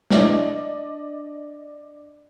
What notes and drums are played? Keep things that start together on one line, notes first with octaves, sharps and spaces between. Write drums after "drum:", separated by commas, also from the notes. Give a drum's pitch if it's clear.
D4 D5 D#5, drum: snare